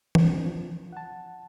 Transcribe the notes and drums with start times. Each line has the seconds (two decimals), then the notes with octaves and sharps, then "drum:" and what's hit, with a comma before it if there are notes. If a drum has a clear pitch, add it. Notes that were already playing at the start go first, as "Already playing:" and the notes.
0.15 C4 D4, drum: tom
0.46 F3
0.93 F#5 A5